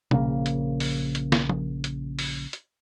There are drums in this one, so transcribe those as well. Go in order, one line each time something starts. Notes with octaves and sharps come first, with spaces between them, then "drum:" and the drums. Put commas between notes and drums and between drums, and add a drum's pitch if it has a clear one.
A#1 C#3 A#3, drum: tom B2
drum: hi-hat
drum: open hi-hat
drum: hi-hat
drum: snare
drum: tom F3
drum: hi-hat
drum: open hi-hat
drum: hi-hat